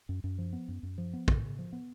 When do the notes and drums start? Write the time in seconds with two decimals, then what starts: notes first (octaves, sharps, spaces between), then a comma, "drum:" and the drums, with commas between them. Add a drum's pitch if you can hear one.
0.09 F#2
0.24 F#2
0.38 F3
0.53 B3
0.68 F#2
0.83 F#2
0.98 F3
1.13 B3
1.28 C#3, drum: kick
1.44 C#3
1.58 F3
1.73 B3